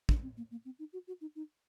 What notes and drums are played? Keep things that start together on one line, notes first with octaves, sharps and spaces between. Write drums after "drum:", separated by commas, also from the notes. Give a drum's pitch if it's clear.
D4, drum: kick
C4
A#3
A#3
C4
D#4
F#4
F#4
D#4
D#4